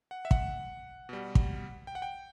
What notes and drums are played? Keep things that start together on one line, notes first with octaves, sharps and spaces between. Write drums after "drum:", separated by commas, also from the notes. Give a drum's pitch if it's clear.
F#5
E5
F#5, drum: kick
B2 G3
drum: kick
G5
F#5
G5